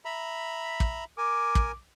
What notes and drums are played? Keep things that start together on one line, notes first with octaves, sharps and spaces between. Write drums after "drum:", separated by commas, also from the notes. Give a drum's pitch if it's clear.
E5 A#5 B5
drum: kick
A#4 G#5 D6
drum: kick